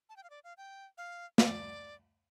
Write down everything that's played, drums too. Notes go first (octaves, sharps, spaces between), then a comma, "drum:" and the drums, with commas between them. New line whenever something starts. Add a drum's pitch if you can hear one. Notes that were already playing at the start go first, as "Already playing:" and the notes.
A5
G5
F5
D5
F5
G5
F5
D5, drum: snare